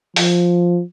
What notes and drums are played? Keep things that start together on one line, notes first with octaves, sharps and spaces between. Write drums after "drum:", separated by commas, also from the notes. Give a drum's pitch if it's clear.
F3, drum: open hi-hat